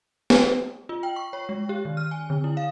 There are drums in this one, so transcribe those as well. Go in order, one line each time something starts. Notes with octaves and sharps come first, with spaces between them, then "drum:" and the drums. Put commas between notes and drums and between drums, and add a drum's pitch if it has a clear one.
drum: snare
F4
G5
C#6
C#5
G#3
G4
D#3
F6
G#5
D3
E4
F5